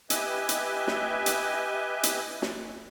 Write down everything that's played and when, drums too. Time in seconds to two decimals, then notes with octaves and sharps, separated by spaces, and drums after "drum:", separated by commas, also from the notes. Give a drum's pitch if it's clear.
0.10 G4 B4 D#5 E5 G#5, drum: hi-hat
0.49 drum: hi-hat
0.87 drum: snare
1.26 drum: hi-hat
2.03 drum: hi-hat
2.42 drum: snare